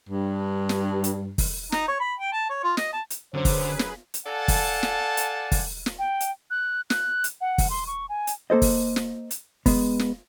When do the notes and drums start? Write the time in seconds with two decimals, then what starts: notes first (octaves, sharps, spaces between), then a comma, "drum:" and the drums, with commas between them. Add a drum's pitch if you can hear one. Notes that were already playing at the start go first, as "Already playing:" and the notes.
0.09 G2
0.69 drum: snare
1.04 drum: hi-hat
1.38 drum: kick, open hi-hat
1.72 D#4, drum: snare
1.88 C#5
2.00 B5
2.19 G5
2.32 A5
2.50 C#5
2.64 F4
2.77 D#5, drum: snare
2.93 A5
3.10 drum: hi-hat
3.34 F#2 D3 G#4 B4 C5
3.45 drum: kick, open hi-hat
3.79 drum: snare
4.14 drum: hi-hat
4.26 A4 D5 F5 F#5 G#5 A5
4.48 drum: kick, open hi-hat
4.83 drum: snare
5.17 drum: hi-hat
5.52 drum: kick, open hi-hat
5.86 drum: snare
5.99 G5
6.20 drum: hi-hat
6.51 F#6
6.90 F#6, drum: snare
7.24 drum: hi-hat
7.41 F#5
7.58 drum: kick, open hi-hat
7.70 C6
7.87 C#6
8.09 G#5
8.27 drum: hi-hat
8.50 A#3 A4 C5 D#5
8.62 drum: kick, open hi-hat
8.96 drum: snare
9.31 drum: hi-hat
9.66 G#3 B3, drum: kick, open hi-hat
9.99 drum: snare